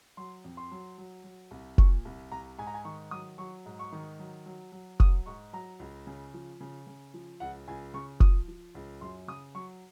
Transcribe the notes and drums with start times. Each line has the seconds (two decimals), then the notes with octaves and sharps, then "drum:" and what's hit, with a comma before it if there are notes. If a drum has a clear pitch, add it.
0.17 F#3 C6
0.44 F2
0.57 C6
0.71 F#3
0.98 F#3
1.24 F#3
1.51 C2
1.78 A#2 C#6, drum: kick F1
2.05 C2
2.31 C2 A#5
2.58 G#2 G#5
2.67 A#5
2.74 G#5
2.85 D#3 C#6
3.11 F#3 D#6
3.38 F#3 C#6
3.66 G#2
3.79 C#6
3.92 D#3
4.19 F#3
4.46 F#3
4.72 F#3
5.00 F#3 D#6, drum: kick F1
5.26 G#2 C#6
5.53 F#3 A#5
5.79 C#2
6.07 C#3
6.34 F3
6.61 C#3
6.87 C#3
7.14 F3
7.40 C#2 F#5
7.68 C#2 G#5
7.94 C#3 C#6
8.20 F3 D#6, drum: kick F1
8.48 F3
8.75 C#2
9.01 F#2 C6
9.28 C#3 D#6
9.55 F#3 C#6